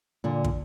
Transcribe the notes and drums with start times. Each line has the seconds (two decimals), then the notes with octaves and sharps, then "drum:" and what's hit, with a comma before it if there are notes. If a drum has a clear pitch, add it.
0.24 A#2 D3
0.44 drum: kick